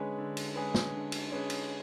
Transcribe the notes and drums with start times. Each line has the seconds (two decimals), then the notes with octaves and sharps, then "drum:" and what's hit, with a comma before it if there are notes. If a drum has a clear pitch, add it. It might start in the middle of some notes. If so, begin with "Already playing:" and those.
Already playing: D3 G#3 C#4 G#4 B4
0.18 D3
0.37 drum: cymbal
0.55 G#3 C#4 G#4 B4
0.74 drum: snare
0.93 D3
1.12 drum: cymbal
1.31 G#3 C#4 G#4 B4
1.50 drum: cymbal